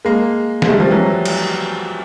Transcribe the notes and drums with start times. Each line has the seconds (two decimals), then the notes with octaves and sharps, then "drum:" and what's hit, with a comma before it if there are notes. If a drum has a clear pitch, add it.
0.05 G#3 A#3
0.62 G#3, drum: snare
0.69 G3 A3
0.80 F3 G3
0.91 E3 F#3
1.25 drum: cymbal